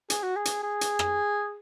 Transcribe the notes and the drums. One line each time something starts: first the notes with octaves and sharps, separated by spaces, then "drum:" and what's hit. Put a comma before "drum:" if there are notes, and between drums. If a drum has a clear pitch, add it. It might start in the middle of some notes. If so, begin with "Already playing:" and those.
G#4, drum: hi-hat
F#4
G#4
drum: hi-hat
G#4
drum: hi-hat
drum: rim click